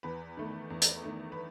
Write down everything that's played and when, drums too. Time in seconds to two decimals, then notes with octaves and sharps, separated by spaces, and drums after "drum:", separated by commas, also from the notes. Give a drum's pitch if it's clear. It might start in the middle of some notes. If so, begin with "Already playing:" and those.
0.03 E2 B4
0.37 D#3 A3
0.70 E2
0.82 drum: hi-hat
1.04 D#3 A3
1.32 B4